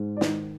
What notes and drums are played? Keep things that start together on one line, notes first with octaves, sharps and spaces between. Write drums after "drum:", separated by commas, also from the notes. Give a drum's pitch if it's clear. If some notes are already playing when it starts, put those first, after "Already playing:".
Already playing: G#2 G#3
D5
D#3 D#4 D#5, drum: snare